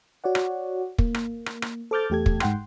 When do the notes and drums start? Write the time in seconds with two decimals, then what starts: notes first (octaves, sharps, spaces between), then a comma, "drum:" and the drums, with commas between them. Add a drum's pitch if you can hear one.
0.24 F#4 C#5 D5 F#5
0.35 drum: rim click
0.98 A#3, drum: kick
1.14 drum: rim click
1.46 drum: rim click
1.62 drum: rim click
1.91 A4 C5 D6 F6 G6 A6
2.10 E2 A3 G4 A4 G#6
2.26 drum: kick
2.40 G#2 F#5 G5 C6, drum: rim click